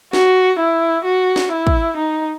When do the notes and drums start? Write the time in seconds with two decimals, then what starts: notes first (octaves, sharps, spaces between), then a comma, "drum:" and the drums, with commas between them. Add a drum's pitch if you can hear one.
0.13 F#4, drum: snare
0.59 E4
1.05 F#4
1.36 drum: snare
1.51 E4
1.67 drum: kick
1.97 D#4